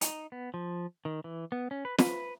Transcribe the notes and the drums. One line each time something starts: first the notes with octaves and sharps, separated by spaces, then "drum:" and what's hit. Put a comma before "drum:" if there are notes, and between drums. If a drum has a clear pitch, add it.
D#4, drum: hi-hat
B3
F3
D#3
E3
B3
C#4
B4
B4, drum: snare